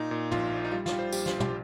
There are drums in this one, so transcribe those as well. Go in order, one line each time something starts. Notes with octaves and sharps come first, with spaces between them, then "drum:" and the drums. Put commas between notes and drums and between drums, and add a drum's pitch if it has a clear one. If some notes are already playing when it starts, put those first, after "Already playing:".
Already playing: A#2 D#4
A#2
A#1 F4, drum: tom
A#1
D#4
G3 F4
F4, drum: snare
G3
C5
A#1 G4, drum: tambourine
F4, drum: snare
A#1
G4, drum: tom